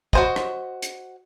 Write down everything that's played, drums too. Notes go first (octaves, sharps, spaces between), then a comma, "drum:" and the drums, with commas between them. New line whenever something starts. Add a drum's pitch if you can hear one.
F#4 C5 D#5, drum: kick
drum: rim click
drum: hi-hat